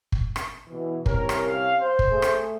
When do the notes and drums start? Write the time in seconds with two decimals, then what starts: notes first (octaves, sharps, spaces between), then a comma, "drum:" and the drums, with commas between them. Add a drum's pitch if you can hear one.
0.12 drum: kick
0.36 drum: rim click
0.69 B2 E3
1.06 C2 C#4 G4 A#4, drum: kick
1.29 drum: rim click
1.47 F5
1.80 C5
1.99 drum: kick
2.11 A3 G#4
2.22 drum: rim click